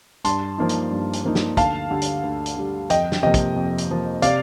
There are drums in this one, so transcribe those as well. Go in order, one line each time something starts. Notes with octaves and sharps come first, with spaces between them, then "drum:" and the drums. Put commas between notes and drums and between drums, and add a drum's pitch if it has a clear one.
G2 A5 C6, drum: hi-hat
F3 A#3 D#4
drum: hi-hat
G2
drum: hi-hat
F3 A#3 D#4
drum: snare
D2 F5 A5, drum: kick, hi-hat
D3 G3
drum: hi-hat
D2
drum: hi-hat
D3 G3
F2 D#5 G5, drum: hi-hat
drum: snare
C3 F3 A#3 D#5 G5
drum: kick, hi-hat
F2
drum: hi-hat
C3 F3 A#3
C3 D5 F5, drum: hi-hat